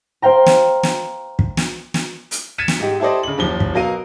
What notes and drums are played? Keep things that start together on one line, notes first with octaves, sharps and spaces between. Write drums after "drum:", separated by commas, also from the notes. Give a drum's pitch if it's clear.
C5 F5 G5 A#5
drum: snare
drum: snare
drum: kick
drum: snare
drum: snare
drum: hi-hat
G#6 A6 B6 C#7 D#7 E7
drum: snare
G#2 D#4 G4
E4 G4 A4 C5 D5 D#5
C#3 F#7
F#1 D#2 F3 G7
drum: kick
B2 F#3 A#4 F5 D#7